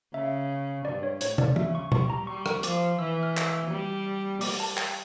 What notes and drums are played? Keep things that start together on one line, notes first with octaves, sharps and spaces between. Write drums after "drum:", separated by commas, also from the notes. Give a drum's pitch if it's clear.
C#3 E5
G2 D5
C#5
A2 C#5, drum: hi-hat
D5, drum: tom
C#3 E5, drum: tom
C#6
G3 C#6, drum: tom A#2
A#5
G3 C#6
C#6, drum: rim click
F3 D6, drum: hi-hat
E3 E6
F6
drum: clap
E6
G3
G3 D6, drum: open hi-hat
A5
G5, drum: clap